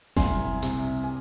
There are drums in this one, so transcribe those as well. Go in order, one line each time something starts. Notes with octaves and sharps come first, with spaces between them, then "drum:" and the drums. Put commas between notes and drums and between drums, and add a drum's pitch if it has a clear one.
C2 G#5 C6, drum: snare F#1
C3, drum: hi-hat
G#5